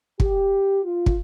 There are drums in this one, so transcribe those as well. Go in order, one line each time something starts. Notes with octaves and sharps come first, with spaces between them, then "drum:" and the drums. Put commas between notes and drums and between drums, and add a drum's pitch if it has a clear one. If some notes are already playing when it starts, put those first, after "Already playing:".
G4, drum: kick
F4
drum: kick